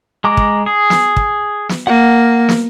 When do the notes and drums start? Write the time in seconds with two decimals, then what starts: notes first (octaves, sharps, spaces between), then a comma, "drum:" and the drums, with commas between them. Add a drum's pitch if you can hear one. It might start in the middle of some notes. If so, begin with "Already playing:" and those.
0.24 G#3 A#5 D6
0.37 drum: kick
0.66 G#4
0.90 drum: snare
1.17 drum: kick
1.69 drum: snare
1.87 A#3 F#5
2.49 drum: snare